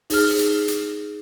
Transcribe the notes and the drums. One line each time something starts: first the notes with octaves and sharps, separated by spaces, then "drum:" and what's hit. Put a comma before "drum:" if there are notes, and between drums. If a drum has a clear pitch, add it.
D#4 G#4 F6, drum: open hi-hat
drum: hi-hat
drum: hi-hat